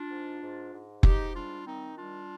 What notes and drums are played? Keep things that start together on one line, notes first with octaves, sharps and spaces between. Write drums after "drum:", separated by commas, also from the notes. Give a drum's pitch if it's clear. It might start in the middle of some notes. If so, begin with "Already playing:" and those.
Already playing: D4 F4
G#2
G#2
G#2
G#2 D#4 G4, drum: kick
G3 D4 F4
D#3 C4 D#4
G3 D4 F4